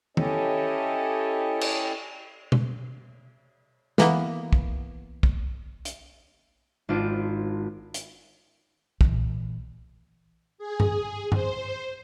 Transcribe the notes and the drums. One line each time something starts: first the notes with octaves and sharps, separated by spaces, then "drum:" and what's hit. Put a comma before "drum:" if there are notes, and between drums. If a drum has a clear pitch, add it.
C#4 E4 G4 A4 C#5 D#5, drum: tom D#3
drum: cymbal
drum: tom B2
E3 A#3 B3, drum: snare
drum: kick
drum: kick
drum: hi-hat
G#1 D4 F4 C5 D7
drum: hi-hat
A#2 E3, drum: kick
G#4
drum: tom G2
C5, drum: tom G2